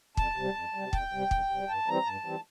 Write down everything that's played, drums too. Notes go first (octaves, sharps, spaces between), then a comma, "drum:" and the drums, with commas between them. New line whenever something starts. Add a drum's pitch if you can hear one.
F2 A5, drum: kick
C3 G3
F2
C3 G3
F2 G5, drum: kick
C3 G3
F2, drum: kick
C3 G3
G2 A5
E3 G3 C4 A#5
G2 A5
E3 G3 C4